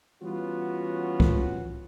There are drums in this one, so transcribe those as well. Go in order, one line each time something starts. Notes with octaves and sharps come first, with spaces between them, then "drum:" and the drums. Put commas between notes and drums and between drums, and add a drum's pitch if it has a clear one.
E3 G3 B3 C#4 F4 F#4
drum: kick C2